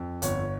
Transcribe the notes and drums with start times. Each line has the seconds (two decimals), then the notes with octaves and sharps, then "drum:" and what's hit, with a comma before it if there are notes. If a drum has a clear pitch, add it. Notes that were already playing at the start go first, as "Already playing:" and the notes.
Already playing: F2
0.22 G1 C#5, drum: hi-hat